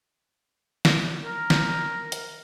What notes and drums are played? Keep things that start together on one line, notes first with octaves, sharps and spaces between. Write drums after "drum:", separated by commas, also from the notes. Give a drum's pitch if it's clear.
drum: snare
A#4
drum: snare
drum: hi-hat